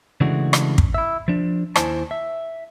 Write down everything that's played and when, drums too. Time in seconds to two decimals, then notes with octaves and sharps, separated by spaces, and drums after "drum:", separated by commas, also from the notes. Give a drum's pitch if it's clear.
0.21 C#3 E3 G#3 A3 D4 F#4
0.53 drum: rim click
0.78 drum: kick
0.94 E4 E5
1.28 F3 D4
1.76 D#2 E4 C5 G#5 A5, drum: rim click
2.11 E5